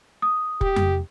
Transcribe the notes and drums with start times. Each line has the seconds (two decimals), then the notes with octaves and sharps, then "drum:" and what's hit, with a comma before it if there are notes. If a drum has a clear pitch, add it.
0.22 D#6
0.61 G4, drum: kick
0.76 drum: tom F2